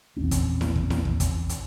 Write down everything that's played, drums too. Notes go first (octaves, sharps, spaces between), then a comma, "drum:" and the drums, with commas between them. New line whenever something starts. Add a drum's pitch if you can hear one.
A#1 E2 C4 C#4
drum: kick, hi-hat
drum: snare E4
drum: kick
drum: snare E4
drum: kick
drum: kick, hi-hat
drum: hi-hat